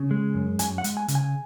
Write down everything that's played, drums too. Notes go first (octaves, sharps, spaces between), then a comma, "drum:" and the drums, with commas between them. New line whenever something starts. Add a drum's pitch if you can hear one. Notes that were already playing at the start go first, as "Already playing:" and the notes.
Already playing: C#3
G#3
F#2
F#2 G#5, drum: hi-hat
F#5
G#3, drum: hi-hat
G#5
C#3, drum: hi-hat
G#5